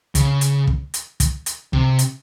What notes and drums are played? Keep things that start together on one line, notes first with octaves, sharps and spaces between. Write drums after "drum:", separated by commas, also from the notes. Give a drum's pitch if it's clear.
C#3, drum: kick, hi-hat
drum: hi-hat
drum: kick
drum: hi-hat
drum: kick, hi-hat
drum: hi-hat
C3, drum: kick
drum: hi-hat